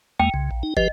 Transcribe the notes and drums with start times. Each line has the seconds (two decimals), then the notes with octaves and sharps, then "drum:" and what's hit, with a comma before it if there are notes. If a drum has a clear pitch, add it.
0.20 E2 G#3 A#3 G5
0.34 C2 C#3
0.51 A#1
0.63 D#4
0.77 F3 G4 B4 D#5, drum: kick